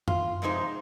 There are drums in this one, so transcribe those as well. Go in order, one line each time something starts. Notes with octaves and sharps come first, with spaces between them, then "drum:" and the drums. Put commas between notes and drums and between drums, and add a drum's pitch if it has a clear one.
F4, drum: tom F#2
F2 C3 G#3 D#4 C5